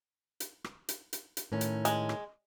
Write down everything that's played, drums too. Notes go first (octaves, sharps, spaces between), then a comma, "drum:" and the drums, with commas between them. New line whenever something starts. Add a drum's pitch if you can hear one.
drum: hi-hat
drum: rim click
drum: hi-hat
drum: hi-hat
drum: hi-hat
A2 D#3 C#4
drum: hi-hat
G#3, drum: hi-hat
drum: rim click